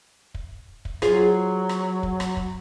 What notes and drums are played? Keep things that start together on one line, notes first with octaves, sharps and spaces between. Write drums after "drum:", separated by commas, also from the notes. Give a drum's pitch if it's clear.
drum: kick
drum: kick
F#3 F4 G#4 C5, drum: rim click
drum: rim click
drum: kick
drum: rim click
drum: kick